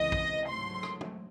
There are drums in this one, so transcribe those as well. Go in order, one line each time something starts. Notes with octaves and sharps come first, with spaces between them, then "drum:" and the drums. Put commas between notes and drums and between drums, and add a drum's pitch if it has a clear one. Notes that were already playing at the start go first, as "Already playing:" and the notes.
Already playing: C#2 C3 E3 D#5
drum: kick A#1
G#2 F#3 A3 C6
drum: rim click
drum: tom